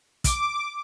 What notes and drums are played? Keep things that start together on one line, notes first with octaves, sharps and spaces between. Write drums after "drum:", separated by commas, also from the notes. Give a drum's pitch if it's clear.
D6, drum: kick, hi-hat